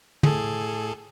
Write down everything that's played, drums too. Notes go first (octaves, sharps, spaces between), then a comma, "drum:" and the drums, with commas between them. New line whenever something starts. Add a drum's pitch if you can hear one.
A2 G#4 A4, drum: tom